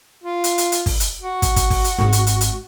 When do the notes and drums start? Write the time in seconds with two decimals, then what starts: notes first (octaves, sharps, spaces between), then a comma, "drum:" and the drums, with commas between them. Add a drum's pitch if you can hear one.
0.24 F4
0.44 drum: hi-hat
0.58 drum: hi-hat
0.72 drum: hi-hat
0.86 drum: kick, open hi-hat
1.00 drum: hi-hat
1.21 F#4
1.42 drum: kick, hi-hat
1.56 drum: kick, hi-hat
1.70 drum: kick, open hi-hat
1.84 drum: hi-hat
1.98 G#1, drum: snare
2.12 drum: hi-hat
2.27 drum: hi-hat
2.41 drum: hi-hat